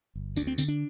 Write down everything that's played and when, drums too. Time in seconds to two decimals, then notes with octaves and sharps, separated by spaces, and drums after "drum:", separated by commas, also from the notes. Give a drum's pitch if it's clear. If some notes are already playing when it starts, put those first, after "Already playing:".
0.15 G1
0.36 D2 D4, drum: tambourine
0.47 C4
0.58 D3 C4, drum: tambourine
0.68 D4